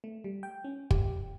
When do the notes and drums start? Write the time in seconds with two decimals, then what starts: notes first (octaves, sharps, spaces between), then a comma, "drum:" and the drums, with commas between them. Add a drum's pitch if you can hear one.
0.04 A3
0.24 G3
0.43 G5
0.64 C#4
0.91 G4, drum: kick